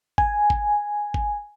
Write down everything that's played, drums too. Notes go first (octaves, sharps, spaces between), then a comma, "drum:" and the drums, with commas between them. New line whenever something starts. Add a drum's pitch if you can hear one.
G#5, drum: kick G#1
drum: kick G#1
drum: kick G#1